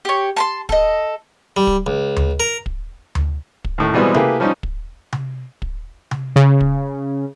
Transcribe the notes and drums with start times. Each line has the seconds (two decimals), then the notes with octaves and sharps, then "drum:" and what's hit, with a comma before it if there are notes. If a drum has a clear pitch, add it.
0.05 G4 C#5
0.36 A5 B5 C6
0.69 A4 D#5, drum: kick
1.57 G3
1.67 drum: kick
1.87 C#2
2.17 drum: tom D2
2.40 A#4
2.66 drum: kick
3.15 drum: tom D2
3.64 drum: kick
3.78 D#2 A2
3.94 B2 E3 G3 G#3 B3 C4
4.14 A3 A#3 E4 G4 G#4 B4, drum: tom C3
4.40 F3 G3 C#4 D#4
4.63 drum: kick
5.12 drum: tom C3
5.62 drum: kick
6.11 drum: tom C3
6.36 C#3
6.60 drum: kick